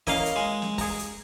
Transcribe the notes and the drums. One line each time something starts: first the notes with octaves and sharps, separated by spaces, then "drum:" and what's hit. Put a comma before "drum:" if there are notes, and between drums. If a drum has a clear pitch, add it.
A#3 C#4 E4 D#5 F5, drum: kick, open hi-hat
drum: hi-hat
G#3
drum: snare
G#4 A#5, drum: kick, open hi-hat
drum: hi-hat